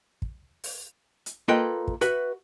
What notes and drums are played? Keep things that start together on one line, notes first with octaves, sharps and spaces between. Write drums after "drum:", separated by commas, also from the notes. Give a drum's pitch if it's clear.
drum: kick
drum: open hi-hat
drum: hi-hat
A#3 F4 A4 B4 D#5 G5
drum: kick
F#4 B4 E5 F#5, drum: hi-hat